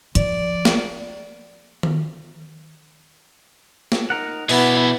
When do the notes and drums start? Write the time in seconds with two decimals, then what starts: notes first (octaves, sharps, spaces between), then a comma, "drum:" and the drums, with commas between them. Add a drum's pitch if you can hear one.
0.15 F3 D5, drum: hi-hat
0.65 drum: snare
1.83 drum: tom D#3
3.92 drum: snare
4.10 D#4 A#4 F#5
4.49 B2 B3 E4 G#4 D5, drum: open hi-hat